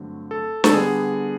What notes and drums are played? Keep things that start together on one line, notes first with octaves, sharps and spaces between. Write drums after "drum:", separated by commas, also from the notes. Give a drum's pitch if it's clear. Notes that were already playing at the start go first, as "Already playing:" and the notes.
Already playing: G2 D3 F#3 A3 C4
A4
A4, drum: snare
D3 G3 B3 G#4